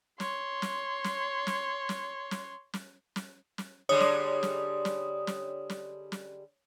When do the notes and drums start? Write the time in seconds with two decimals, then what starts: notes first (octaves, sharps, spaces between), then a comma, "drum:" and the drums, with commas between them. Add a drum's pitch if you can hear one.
0.20 C#5 C6, drum: snare
0.62 drum: snare
1.04 drum: snare
1.47 drum: snare
1.89 drum: snare
2.31 drum: snare
2.73 drum: snare
3.16 drum: snare
3.58 drum: snare
3.89 D3 G3 G#3 C#5 D#6
4.00 drum: snare
4.43 drum: snare
4.85 drum: snare
5.27 drum: snare
5.70 drum: snare
6.12 drum: snare